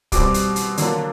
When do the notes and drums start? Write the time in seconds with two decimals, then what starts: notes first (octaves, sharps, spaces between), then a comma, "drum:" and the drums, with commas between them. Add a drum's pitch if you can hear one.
0.12 B2 G3 C4 D6, drum: kick, hi-hat
0.34 drum: hi-hat
0.56 drum: hi-hat
0.77 D3 F#3 A#3 D4, drum: hi-hat